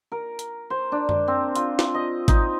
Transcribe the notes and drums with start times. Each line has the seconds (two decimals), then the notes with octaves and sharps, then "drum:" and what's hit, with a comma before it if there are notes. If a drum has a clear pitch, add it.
0.12 A#4
0.39 drum: hi-hat
0.70 C5
0.92 D4
1.09 drum: tom
1.28 C4
1.56 F4, drum: hi-hat
1.79 drum: snare
1.95 D#5
2.28 D#4, drum: kick G#1, hi-hat